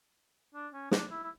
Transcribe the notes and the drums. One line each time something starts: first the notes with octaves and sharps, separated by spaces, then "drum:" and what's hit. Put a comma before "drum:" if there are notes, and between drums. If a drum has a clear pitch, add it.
D4
C#4
D4, drum: snare
E4
E4